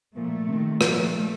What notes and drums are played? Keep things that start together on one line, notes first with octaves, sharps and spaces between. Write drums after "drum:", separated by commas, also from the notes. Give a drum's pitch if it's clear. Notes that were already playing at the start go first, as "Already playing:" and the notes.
A#2 F3 A3
C3 D#3
A#2 F3 A3, drum: rim click